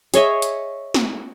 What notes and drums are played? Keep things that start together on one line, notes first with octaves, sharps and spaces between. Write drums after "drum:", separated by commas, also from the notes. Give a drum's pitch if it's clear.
G#4 C#5 D#5 E5, drum: hi-hat
drum: hi-hat
drum: snare